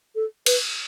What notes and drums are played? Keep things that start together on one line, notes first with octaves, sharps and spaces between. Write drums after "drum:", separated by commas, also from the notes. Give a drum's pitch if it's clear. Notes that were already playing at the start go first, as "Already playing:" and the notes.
A4
B4, drum: cymbal